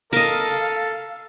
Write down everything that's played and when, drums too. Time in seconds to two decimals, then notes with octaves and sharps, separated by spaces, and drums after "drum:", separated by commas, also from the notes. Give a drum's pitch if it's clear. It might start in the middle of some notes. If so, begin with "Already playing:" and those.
0.13 A4 A#4 D#5 F5, drum: cymbal